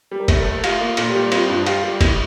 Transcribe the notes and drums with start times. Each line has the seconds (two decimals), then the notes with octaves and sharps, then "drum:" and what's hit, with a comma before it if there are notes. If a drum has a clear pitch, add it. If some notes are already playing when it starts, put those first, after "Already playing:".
0.11 G3
0.20 A#4
0.28 A3 C5, drum: kick, cymbal
0.41 A#4
0.46 A3
0.51 G4
0.64 F4 G4, drum: cymbal
0.81 A#3
0.97 A#2 A4, drum: cymbal
1.09 G4
1.15 G3
1.32 C4 F4, drum: cymbal
1.49 G2 F4
1.66 F4 G4, drum: cymbal
1.84 G3
2.01 G3 E4, drum: kick, cymbal